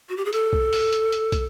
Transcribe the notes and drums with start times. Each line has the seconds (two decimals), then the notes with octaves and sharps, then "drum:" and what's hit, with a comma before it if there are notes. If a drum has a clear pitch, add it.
0.09 F#4
0.17 G4
0.25 G#4
0.33 A4, drum: hi-hat
0.53 drum: kick
0.73 drum: open hi-hat
0.93 drum: hi-hat
1.12 drum: hi-hat
1.32 drum: kick, hi-hat